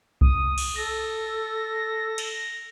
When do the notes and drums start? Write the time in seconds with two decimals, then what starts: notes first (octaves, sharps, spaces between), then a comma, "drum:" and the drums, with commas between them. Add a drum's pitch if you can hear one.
0.21 D#6, drum: kick C2
0.58 drum: cymbal
0.76 A4 A#6
2.18 drum: cymbal